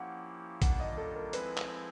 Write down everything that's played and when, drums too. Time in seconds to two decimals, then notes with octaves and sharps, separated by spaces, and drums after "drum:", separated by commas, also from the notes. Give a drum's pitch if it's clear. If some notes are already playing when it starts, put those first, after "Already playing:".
Already playing: F3 A#3 C#4 E4 G4 F#5
0.62 D#3 G3 A#3 D4 F4 F#5, drum: kick A1, hi-hat
0.80 D#5
0.97 A4
1.16 A#4
1.33 F3 G#3 C4 E4 G#4 B4, drum: hi-hat
1.57 drum: clap